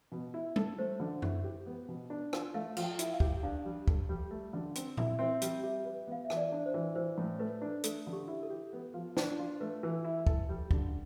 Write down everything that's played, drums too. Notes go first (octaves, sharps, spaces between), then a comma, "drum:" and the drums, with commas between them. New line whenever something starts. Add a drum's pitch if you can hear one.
B2
E4
A4, drum: tom G3
A3 C5
D3
E4, drum: tom F#2
G4
B3
B2
D4
F4, drum: rim click
A3 F5
F3, drum: cymbal
G5
E4, drum: hi-hat
F5
G4, drum: kick
D4 F5
G3
A4, drum: kick
G3
A3
D3
C4, drum: hi-hat
E4, drum: tom A#2
C4 E5
G3, drum: hi-hat
G4 E5
B4
B3 F5
E5
E3, drum: rim click
D5
D4
C5
E3
E3 C5
A2
A3 B4
D4
A3 A4, drum: hi-hat
D3
G4
E4
A4
G4
B3
F3
D4, drum: snare
F4
A3 B4
E3
E4
A4, drum: kick
G3
D3, drum: kick